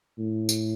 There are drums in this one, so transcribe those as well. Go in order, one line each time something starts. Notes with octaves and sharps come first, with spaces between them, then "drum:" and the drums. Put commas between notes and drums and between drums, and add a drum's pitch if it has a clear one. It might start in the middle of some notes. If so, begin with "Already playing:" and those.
A2
drum: tambourine